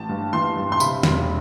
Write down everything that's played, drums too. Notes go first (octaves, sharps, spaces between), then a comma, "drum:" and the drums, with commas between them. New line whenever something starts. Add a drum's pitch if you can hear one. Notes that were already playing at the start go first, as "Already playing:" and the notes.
Already playing: A1 A5
G2
E3 C6
G2
C6
C3 B5, drum: tambourine
E1, drum: snare